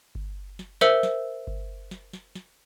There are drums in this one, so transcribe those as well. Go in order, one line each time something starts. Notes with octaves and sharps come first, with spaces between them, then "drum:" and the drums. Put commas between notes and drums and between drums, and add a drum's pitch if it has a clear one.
drum: kick G1
drum: snare
A#4 C5 E5 E6 C#7 F#7, drum: snare
drum: snare
drum: kick G1
drum: snare
drum: snare
drum: snare